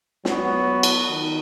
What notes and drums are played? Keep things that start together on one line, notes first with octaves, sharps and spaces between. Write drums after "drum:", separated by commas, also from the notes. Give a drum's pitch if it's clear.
F#3 B3 F#4, drum: snare
drum: cymbal
D#3